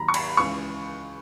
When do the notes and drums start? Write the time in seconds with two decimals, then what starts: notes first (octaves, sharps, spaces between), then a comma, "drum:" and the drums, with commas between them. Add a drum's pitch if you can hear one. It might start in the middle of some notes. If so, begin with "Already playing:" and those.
Already playing: D#2 D#3 F#3 A#5 B5
0.08 C#6
0.14 B5, drum: cymbal
0.37 C#2 C#3 E3 G#3 C#6